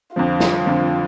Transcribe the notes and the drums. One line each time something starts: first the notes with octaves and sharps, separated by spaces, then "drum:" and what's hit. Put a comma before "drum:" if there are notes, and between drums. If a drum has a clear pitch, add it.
F2 D3 F3 F4
drum: snare
F2 D3 F3